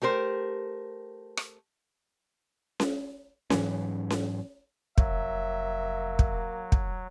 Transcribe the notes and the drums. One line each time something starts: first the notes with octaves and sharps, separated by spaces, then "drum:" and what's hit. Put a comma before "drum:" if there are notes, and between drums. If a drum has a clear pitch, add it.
A3 G4 A#4 C5
drum: rim click
drum: snare C#4
G#2 E3 F#3 C#4, drum: snare C#4
drum: snare C#4
F1 F#3 A#3 E5, drum: kick
drum: kick
drum: kick